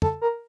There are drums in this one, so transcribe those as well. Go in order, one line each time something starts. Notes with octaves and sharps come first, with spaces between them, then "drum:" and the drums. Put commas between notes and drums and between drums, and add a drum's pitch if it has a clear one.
A4, drum: tom
A#4